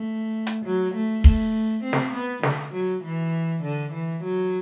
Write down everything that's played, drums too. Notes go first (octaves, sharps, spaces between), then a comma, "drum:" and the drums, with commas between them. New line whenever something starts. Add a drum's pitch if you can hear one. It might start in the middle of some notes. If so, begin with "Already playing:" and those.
Already playing: A3
drum: hi-hat
F#3
A3
A3, drum: kick
C4
drum: snare
B3
D3, drum: snare
F#3
E3
D3
E3
F#3